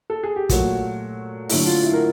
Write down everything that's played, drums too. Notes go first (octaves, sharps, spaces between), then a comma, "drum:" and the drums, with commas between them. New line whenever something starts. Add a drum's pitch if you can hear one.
A4
G#4
G4
A#2 F#3 A3 F#4, drum: kick, hi-hat
D3 F#3 A3 E4, drum: open hi-hat
F4
E4
A#4